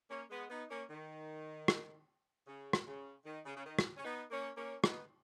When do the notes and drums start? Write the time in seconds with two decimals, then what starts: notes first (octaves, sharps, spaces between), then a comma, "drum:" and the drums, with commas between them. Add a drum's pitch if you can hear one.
0.10 A#3 C#4
0.30 G#3 B3
0.50 B3 D#4
0.70 A#3 C#4
0.90 D#3
1.68 drum: rim click
2.47 C#3
2.73 drum: rim click
2.86 C#3
3.26 D#3
3.46 C#3
3.56 C#3
3.65 D#3
3.79 drum: rim click
3.97 C#4
4.04 B3 D#4
4.31 A#3 C#4
4.57 A#3 C#4
4.84 B3 D#4, drum: rim click